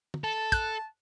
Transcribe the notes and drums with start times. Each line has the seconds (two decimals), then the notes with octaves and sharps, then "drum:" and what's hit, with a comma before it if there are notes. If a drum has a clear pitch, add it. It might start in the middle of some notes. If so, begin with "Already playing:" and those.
0.14 drum: tom
0.24 A4 A5
0.52 F#6, drum: kick, hi-hat